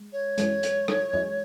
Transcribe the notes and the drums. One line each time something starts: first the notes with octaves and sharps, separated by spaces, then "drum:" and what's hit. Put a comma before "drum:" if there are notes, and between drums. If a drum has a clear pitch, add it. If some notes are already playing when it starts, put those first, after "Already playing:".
Already playing: G#3
C#5
F#2 E3 G#3, drum: hi-hat
drum: hi-hat
drum: rim click
F#2 E3 G#3